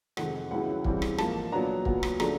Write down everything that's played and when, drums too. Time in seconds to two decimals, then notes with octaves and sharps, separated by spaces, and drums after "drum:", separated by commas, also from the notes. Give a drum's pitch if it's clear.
0.17 F2 C3 D#3 G#3 C4 F#5, drum: rim click
0.51 C#2 C#3 F#3 B3 E4 F#5
0.85 C#3 E3 G3 C4, drum: kick
1.02 drum: rim click
1.18 G#2 F3 A#3 A5, drum: rim click
1.52 A#2 F#3 B3 D4 A#5
1.85 A#2 F#3 B3, drum: kick
2.03 drum: rim click
2.20 C#3 F3 A3 D4 A#5, drum: rim click